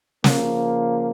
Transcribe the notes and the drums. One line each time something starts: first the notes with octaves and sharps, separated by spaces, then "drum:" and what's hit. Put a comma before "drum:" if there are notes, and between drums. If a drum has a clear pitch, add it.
C#3 F3 A#3, drum: snare